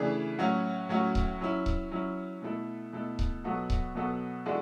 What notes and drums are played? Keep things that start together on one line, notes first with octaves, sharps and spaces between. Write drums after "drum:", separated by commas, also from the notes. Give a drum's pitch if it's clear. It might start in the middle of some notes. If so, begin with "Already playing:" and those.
Already playing: C#3 E3 A3 D4 G#4
A2 F#3 C#4 F#4
A2 F#3 C#4 F#4
drum: kick C#1
F#3 C#4 E4
drum: kick C#1
F#3 C#4 E4
B2 A3 E4 A4
B2 A3 E4 A4
drum: kick C#1
B2 F#3 B3 F#4 A4
drum: kick C#1
B2 F#3 B3 F#4 A4
E3 G#3 D4 F#4 A4